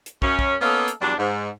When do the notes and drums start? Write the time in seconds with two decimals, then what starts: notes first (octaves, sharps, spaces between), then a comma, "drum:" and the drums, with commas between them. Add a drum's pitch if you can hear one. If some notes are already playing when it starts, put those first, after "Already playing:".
0.06 drum: hi-hat
0.22 F#2 C#4, drum: kick
0.39 drum: kick
0.61 A#3 B3 C#4 A4 D#5 F5
0.88 drum: hi-hat
1.01 E2 F#3 G3 D4
1.18 G#2